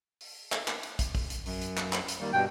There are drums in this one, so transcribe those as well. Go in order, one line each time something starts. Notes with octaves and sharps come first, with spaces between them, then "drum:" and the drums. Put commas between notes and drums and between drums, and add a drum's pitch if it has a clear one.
drum: open hi-hat
drum: clap
drum: clap
drum: hi-hat
drum: kick, hi-hat
drum: kick, open hi-hat
drum: hi-hat
F#2, drum: open hi-hat
drum: hi-hat
drum: clap
drum: clap
drum: hi-hat
D#3 G3 A#3
G2 B2 G5